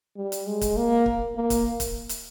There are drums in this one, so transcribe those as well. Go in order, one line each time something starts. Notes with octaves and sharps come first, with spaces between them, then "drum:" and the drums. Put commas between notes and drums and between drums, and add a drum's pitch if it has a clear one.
G3
drum: hi-hat
G#3
drum: kick, hi-hat
A#3
drum: kick
A#3
drum: kick, hi-hat
drum: kick, hi-hat
drum: hi-hat